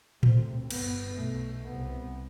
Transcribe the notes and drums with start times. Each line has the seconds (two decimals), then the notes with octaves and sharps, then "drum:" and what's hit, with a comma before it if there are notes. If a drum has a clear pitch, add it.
0.23 D2 C3 C4, drum: tom A2
0.71 G1 G2 B3, drum: cymbal
1.17 B1 B2 A3
1.65 C2 C3 B3